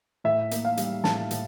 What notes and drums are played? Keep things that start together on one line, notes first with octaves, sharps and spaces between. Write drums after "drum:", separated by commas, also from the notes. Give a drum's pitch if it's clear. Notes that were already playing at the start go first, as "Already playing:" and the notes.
A2 E5
A#3, drum: hi-hat
F5
G3, drum: hi-hat
A2 A5, drum: snare
A2, drum: hi-hat